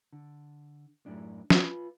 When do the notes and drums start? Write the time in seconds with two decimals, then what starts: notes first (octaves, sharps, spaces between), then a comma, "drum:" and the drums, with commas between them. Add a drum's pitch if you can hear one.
0.13 D3
1.06 F#2 A2 D4
1.50 F4 B4, drum: snare